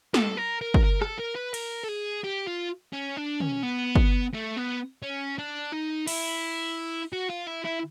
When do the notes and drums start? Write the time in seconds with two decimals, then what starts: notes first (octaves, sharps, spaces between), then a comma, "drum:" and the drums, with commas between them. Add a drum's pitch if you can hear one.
0.14 A4, drum: snare
0.37 A#4
0.61 A#4
0.74 drum: kick
0.84 A#4
1.02 A4, drum: rim click
1.19 A#4
1.36 B4
1.54 A#4, drum: cymbal
1.84 A4
1.89 G#4
2.24 G4
2.47 F4
2.93 C#4
3.17 D4
3.40 C#4, drum: tom
3.63 B3
3.96 drum: kick
4.34 A3
4.57 B3
5.03 C#4
5.38 D4
5.73 D#4
6.07 E4, drum: cymbal
7.13 F#4
7.30 F4
7.47 E4
7.65 E4